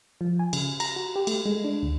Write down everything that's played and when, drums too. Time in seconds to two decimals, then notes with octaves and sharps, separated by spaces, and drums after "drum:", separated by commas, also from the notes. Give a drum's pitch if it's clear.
0.21 F3
0.39 G#5
0.53 C#3, drum: cymbal
0.80 A#5, drum: cymbal
0.96 F#4
1.16 G4
1.27 A3, drum: cymbal
1.45 G#3
1.64 D4
1.82 D2